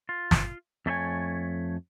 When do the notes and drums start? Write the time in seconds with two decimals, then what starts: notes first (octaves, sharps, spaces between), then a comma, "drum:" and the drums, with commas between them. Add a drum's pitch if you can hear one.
0.09 F4
0.31 drum: snare
0.86 F2 A3 E4 C#5 G#5